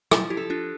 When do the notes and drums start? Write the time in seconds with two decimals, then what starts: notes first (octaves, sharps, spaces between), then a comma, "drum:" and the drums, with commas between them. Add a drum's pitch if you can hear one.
0.11 F3, drum: rim click
0.30 E4 G4
0.37 A4
0.50 D4 F4